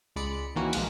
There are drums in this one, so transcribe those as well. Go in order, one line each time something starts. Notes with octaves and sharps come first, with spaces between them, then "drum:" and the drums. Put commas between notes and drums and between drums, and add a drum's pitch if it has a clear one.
C#2 G#3 D5 B5 C#7
D#3 E3 A#3 C#4 F#4
B1 B2 F3 G#3 F6 F#6, drum: cymbal